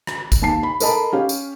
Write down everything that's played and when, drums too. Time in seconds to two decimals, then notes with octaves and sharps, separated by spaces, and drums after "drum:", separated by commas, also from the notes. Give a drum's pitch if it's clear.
0.07 drum: rim click
0.32 drum: kick A1, tambourine
0.42 D#2 A5 C7
0.63 B5
0.80 A4 A#4 D#5 A5 B5, drum: tambourine
1.13 C#4 G4 F5
1.29 drum: tambourine